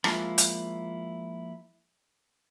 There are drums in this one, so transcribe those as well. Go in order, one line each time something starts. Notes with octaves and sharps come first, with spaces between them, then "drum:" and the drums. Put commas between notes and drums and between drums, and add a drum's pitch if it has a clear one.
F3 G#3 A#3 E4 F4, drum: rim click
drum: hi-hat